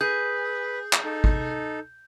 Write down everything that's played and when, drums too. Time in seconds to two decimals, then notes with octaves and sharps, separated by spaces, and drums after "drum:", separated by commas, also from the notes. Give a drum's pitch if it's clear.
0.01 G#4 B4 G6
0.93 drum: clap
1.04 D#4 A4
1.24 drum: kick G#1